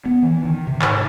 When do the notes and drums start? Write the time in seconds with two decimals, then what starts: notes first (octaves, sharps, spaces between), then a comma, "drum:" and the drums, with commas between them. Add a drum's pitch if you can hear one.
0.06 B3
0.23 E3
0.45 D#3
0.67 C3
0.82 G#2, drum: clap